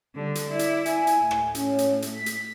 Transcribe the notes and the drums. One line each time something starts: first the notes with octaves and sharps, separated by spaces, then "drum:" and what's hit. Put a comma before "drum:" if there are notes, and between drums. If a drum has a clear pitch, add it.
D3 G3
drum: hi-hat
E4 D5
drum: hi-hat
G#5, drum: hi-hat
drum: hi-hat
A2
drum: rim click
C#4, drum: hi-hat
drum: hi-hat
drum: hi-hat
B6
drum: hi-hat